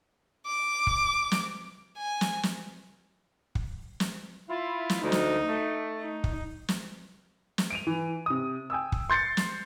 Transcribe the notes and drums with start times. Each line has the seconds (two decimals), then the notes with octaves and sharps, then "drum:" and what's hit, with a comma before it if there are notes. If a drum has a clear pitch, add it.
0.46 D6
0.87 drum: kick
1.31 drum: snare
1.98 G#5
2.21 drum: snare
2.43 drum: snare
3.55 drum: kick
4.00 drum: snare
4.50 E4 F4
4.90 drum: snare
5.02 D2 D#4
5.12 drum: snare
5.47 A3
6.01 D#4
6.24 drum: kick
6.69 drum: snare
7.58 drum: snare
7.71 D7 D#7 F7
7.87 E3
8.26 C3 D#6
8.70 G5 G#5 D#6 E6
8.92 drum: kick
9.10 C6 G6 A6 C7 C#7
9.37 drum: snare